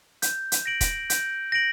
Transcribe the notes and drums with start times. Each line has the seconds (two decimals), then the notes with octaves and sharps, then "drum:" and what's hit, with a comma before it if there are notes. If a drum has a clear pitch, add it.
0.22 G6, drum: hi-hat
0.52 drum: hi-hat
0.66 A#6 D7 F#7
0.81 drum: kick E1, hi-hat
1.10 G6, drum: hi-hat
1.52 A#6 D7 F#7